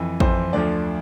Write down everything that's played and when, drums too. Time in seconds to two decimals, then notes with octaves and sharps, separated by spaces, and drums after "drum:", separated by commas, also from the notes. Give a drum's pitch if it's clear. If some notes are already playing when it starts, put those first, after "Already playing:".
Already playing: F2 E3
0.20 F2 E3 C5, drum: kick
0.53 D2 D3 F3 D5